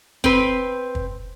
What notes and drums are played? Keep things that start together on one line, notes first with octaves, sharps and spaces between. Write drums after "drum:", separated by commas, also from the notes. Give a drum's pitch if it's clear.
C4 B4, drum: kick
drum: kick